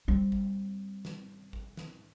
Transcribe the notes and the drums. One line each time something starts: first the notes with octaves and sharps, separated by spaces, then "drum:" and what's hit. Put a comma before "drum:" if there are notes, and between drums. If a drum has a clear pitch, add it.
G3 C4
drum: kick
drum: snare
drum: kick
drum: snare